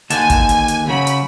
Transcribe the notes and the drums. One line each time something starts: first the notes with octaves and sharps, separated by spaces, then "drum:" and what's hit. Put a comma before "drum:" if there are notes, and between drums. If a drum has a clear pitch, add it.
D#2 D3 G#5 A5, drum: hi-hat
drum: kick, hi-hat
drum: hi-hat
drum: hi-hat
C#3 F#3 B5
drum: hi-hat